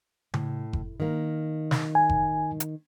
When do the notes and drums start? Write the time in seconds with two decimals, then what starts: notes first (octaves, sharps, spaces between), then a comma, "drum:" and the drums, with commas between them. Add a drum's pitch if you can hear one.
0.34 A2, drum: tom C#3
0.73 drum: kick F#1
1.00 D#3 A#3
1.71 drum: snare
1.95 G#5
2.09 drum: kick F#1
2.60 drum: hi-hat